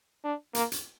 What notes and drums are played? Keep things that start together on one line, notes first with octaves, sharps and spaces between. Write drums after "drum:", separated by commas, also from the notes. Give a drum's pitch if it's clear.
D4
A#3, drum: hi-hat
drum: hi-hat